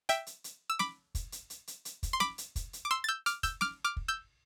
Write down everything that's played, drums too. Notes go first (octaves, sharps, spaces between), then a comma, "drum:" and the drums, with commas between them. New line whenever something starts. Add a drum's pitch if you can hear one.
E5 G5, drum: hi-hat
drum: hi-hat
drum: hi-hat
E6
B5 D6, drum: snare
drum: kick, hi-hat
drum: hi-hat
drum: hi-hat
drum: hi-hat
drum: hi-hat
drum: kick, hi-hat
C6
B5 D6, drum: snare
drum: hi-hat
drum: kick, hi-hat
drum: hi-hat
D6
C6 E6
A6
E6 G6
D6 F6, drum: hi-hat
E6 G6, drum: kick, hi-hat
D6 F6, drum: snare
D6 F6
drum: kick
E6 G6